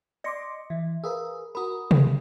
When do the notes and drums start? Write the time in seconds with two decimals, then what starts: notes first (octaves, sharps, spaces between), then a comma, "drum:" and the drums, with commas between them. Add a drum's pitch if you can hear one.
0.24 D5 D#5 C6 D6 A#6 C#7
0.70 E3 E5
1.04 G#4 A#4 B4 F5 D#6 E6
1.55 F#4 A#4 B5 D#6
1.91 drum: tom C3